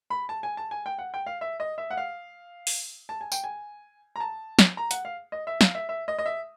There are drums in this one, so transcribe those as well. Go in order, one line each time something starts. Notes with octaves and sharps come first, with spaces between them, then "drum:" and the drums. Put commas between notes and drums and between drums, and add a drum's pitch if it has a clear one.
B5
A5
G#5
A5
G#5
G5
F#5
G5
F5
E5
D#5
E5
F#5
F5
drum: open hi-hat
A5
G#5
G5, drum: tambourine
G#5
A#5
A5
drum: snare
A#5
F#5, drum: hi-hat
F5
D#5
E5
F5, drum: snare
E5
E5
D#5
D#5
E5